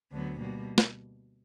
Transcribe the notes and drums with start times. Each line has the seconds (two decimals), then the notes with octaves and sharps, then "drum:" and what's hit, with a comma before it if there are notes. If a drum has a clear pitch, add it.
0.13 D2 D3 F#3 B3
0.41 B2 G3 A#3
0.78 drum: snare